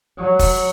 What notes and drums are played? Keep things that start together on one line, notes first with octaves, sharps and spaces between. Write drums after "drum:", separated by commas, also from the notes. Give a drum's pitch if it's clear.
F#3
drum: kick, open hi-hat